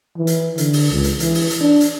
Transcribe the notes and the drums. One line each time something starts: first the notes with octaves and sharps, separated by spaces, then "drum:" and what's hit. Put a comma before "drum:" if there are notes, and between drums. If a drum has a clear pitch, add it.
E3
drum: hi-hat
D3, drum: hi-hat
drum: open hi-hat
C#2
drum: hi-hat
E3, drum: hi-hat
drum: open hi-hat
drum: hi-hat
D4
drum: hi-hat